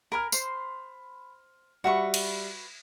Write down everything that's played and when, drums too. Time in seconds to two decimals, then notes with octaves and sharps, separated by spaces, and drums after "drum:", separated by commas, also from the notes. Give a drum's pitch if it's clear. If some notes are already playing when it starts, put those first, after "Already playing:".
0.12 A#4 G#5 B5 F6
0.32 C5 C6, drum: tambourine
1.84 G3 F#4 B4 E5 C#6
2.14 drum: cymbal